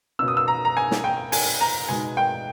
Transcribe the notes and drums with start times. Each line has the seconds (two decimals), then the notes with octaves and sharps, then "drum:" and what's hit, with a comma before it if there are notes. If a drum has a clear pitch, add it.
0.19 B2 A#3 C#4 E6
0.28 D#6
0.37 E6
0.48 A#5
0.65 A#5
0.77 G#5
0.91 drum: snare
1.04 G5
1.32 G#5, drum: open hi-hat
1.61 A#5
1.89 B2 G#3 D#4 G#5
2.17 G5